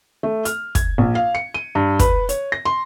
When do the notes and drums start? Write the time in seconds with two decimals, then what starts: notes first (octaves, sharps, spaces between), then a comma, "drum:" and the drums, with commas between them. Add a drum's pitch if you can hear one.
0.23 A3
0.45 F6, drum: hi-hat
0.75 G#6, drum: kick, hi-hat
0.98 A#1
1.15 F5
1.35 C#7
1.54 D#7
1.75 G2
1.99 B4, drum: kick, hi-hat
2.29 C#5, drum: hi-hat
2.52 A#6
2.65 C6